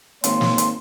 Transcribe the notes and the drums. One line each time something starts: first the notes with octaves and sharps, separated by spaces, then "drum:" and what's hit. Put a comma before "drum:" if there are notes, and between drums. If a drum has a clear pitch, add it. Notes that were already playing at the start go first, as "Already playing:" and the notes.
G#1 A#3 C#5 C6, drum: hi-hat
drum: snare
drum: hi-hat